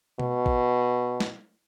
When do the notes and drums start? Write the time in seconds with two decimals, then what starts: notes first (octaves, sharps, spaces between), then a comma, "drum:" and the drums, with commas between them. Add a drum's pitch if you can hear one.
0.20 B2, drum: tom B2
0.46 drum: kick A1
1.20 drum: snare